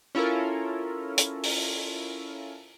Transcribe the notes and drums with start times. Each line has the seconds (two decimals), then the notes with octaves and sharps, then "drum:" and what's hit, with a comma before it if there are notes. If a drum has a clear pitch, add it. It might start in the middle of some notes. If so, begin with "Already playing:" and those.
0.15 C#4 E4 F4 A4 A#4
1.18 drum: hi-hat
1.43 drum: open hi-hat